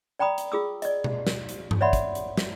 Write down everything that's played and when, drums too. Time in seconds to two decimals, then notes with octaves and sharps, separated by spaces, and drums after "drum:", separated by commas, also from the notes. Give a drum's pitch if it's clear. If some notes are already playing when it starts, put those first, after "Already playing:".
0.19 D5 G5 A#5 B5 D#6
0.38 drum: hi-hat
0.52 F4 G#4 D#6 E6
0.82 D5 D#5, drum: hi-hat
1.04 drum: tom B2
1.27 drum: snare
1.49 drum: hi-hat
1.71 drum: tom G2
1.81 C#5 D5 E5 F#5 B5 C6
1.93 drum: kick, hi-hat
2.15 drum: hi-hat
2.37 drum: snare